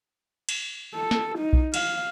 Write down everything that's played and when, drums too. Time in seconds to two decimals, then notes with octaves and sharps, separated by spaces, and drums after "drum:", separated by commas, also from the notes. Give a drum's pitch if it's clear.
0.49 drum: cymbal
0.95 A4
1.11 drum: snare
1.38 D#4
1.53 drum: kick B1
1.74 F5, drum: cymbal